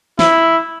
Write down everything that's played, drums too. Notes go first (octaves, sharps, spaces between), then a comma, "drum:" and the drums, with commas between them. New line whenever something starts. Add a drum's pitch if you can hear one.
E4, drum: snare